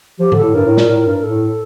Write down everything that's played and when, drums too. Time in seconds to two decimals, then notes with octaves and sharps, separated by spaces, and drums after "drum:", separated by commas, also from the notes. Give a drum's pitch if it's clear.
0.19 F3 G4
0.32 D3, drum: tom G#2
0.37 A4
0.43 A2
0.54 G2 A#4
0.66 A2
0.77 A#2, drum: snare
0.89 A2
1.06 G2
1.23 A2 A4